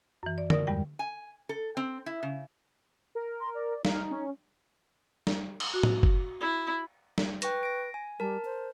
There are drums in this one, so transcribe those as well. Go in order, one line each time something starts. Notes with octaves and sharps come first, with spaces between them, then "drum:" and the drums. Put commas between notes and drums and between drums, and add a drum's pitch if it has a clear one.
F#2 E3
D5
A#4 D5 D#6, drum: tom D3
E2 G2 G3 G#3 G5
G#5
A4
C4
E4
C#3
A#4
C6
D5
D#4 F5, drum: snare
C#4
drum: snare
drum: cymbal
F#4
drum: tom A2
drum: kick F#1
E4
drum: snare
B4 G5 C#6 A#6, drum: hi-hat
A#6 D7
G#5
G3 A#4 A5
C5